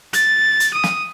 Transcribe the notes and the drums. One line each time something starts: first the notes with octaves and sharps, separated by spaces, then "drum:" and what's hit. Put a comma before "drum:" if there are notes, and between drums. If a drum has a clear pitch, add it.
A6, drum: hi-hat
drum: hi-hat
D#6
drum: snare